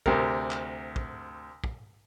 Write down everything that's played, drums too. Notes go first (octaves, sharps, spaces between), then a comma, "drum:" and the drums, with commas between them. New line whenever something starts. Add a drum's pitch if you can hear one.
D2 C3 A#4, drum: kick
drum: clap
drum: kick
drum: kick